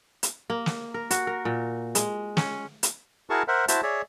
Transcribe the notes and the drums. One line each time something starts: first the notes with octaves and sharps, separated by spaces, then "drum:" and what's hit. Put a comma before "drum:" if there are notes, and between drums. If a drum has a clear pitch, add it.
drum: hi-hat
A#3
drum: snare
A#4
F#4, drum: hi-hat
A#4
A#2
G#3, drum: hi-hat
C#4, drum: snare
drum: hi-hat
E4 F#4 G#4 A#4 A5 C#6
A#4 C5 E5 F#5
E4 F#4 C5 E5 A5, drum: hi-hat
G#4 C#5 D5 E5